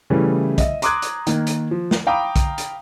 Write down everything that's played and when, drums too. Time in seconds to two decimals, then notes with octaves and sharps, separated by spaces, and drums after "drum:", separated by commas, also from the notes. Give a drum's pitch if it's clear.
0.10 C#3 E3 G3 A3
0.58 D#5 E5, drum: kick, hi-hat
0.82 A#5 C6 D6 D#6 F#6 G#6, drum: hi-hat
1.02 drum: hi-hat
1.27 D#3 A#3, drum: hi-hat
1.47 drum: hi-hat
1.71 F3
1.91 drum: snare
2.07 F5 G5 A#5 B5 D6 D#6
2.36 drum: kick, hi-hat
2.58 drum: hi-hat